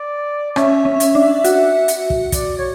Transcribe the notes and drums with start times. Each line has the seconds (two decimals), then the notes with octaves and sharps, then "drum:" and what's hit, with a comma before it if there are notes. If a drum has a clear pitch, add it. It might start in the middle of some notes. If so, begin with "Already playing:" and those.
Already playing: D5
0.56 C#4 E5, drum: rim click
0.85 C#4
1.00 drum: hi-hat
1.15 D4
1.44 F#4, drum: hi-hat
1.88 drum: hi-hat
2.10 drum: kick
2.32 D5, drum: kick, hi-hat
2.57 C#5